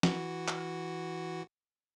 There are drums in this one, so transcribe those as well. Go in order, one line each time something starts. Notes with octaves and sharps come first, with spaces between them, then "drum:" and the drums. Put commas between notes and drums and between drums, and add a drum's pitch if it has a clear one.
E3 F#4, drum: snare
drum: clap